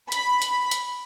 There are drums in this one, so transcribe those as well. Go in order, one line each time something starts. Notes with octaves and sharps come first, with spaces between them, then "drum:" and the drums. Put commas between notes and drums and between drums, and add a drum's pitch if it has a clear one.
B5, drum: hi-hat
drum: hi-hat
drum: hi-hat